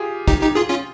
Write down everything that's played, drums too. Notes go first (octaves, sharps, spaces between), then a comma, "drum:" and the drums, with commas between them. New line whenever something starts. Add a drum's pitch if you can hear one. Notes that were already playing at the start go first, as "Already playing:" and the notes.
Already playing: F4 G4 G#4
D#4 G4, drum: kick, hi-hat
D#4 G4
F4 G#4
C#4 F4